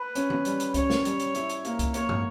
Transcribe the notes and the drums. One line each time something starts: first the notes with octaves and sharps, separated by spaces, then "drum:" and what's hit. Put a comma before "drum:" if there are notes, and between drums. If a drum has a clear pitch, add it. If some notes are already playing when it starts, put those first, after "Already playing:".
Already playing: B4
C#4, drum: hi-hat
drum: tom D#3
G3, drum: hi-hat
drum: hi-hat
C#4 C#5, drum: kick C2, hi-hat
drum: snare
G3, drum: hi-hat
drum: hi-hat
E4, drum: hi-hat
drum: hi-hat
A#3, drum: hi-hat
drum: kick C2, hi-hat
A#3 C#5, drum: hi-hat
drum: tom